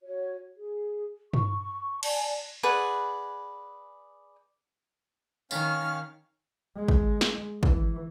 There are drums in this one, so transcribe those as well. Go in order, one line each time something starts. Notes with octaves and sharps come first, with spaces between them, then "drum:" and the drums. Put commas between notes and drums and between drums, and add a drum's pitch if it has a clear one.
F#4 C#5
G#4
C#6, drum: tom
D5 G#5 A5, drum: cymbal
G#4 B4 D5 F#5
D#3 C#4 C#5 F5 F6, drum: tambourine
G#3
drum: kick
drum: snare
E3, drum: kick